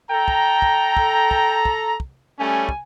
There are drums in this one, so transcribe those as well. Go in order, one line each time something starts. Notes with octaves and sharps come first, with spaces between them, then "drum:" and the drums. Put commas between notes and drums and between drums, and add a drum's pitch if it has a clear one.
A4 G5 A#5
drum: kick
drum: kick
drum: kick
drum: kick
drum: kick
drum: kick
G3 A3 C#4 G#5
drum: kick